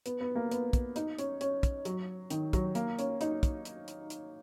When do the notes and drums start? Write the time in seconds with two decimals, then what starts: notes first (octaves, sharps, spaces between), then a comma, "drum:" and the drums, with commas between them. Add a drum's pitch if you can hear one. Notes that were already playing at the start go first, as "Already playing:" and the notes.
0.06 B3, drum: hi-hat
0.21 B3
0.35 A#3
0.51 B3, drum: hi-hat
0.73 drum: kick, hi-hat
0.96 D#4, drum: hi-hat
1.19 C#4, drum: hi-hat
1.41 C#4, drum: hi-hat
1.63 drum: kick, hi-hat
1.85 F#3, drum: hi-hat
2.30 D#3, drum: hi-hat
2.53 F#3, drum: kick, hi-hat
2.75 A#3, drum: hi-hat
2.99 C#4, drum: hi-hat
3.21 D#4, drum: hi-hat
3.43 drum: kick, hi-hat
3.65 drum: hi-hat
3.88 drum: hi-hat
4.10 drum: hi-hat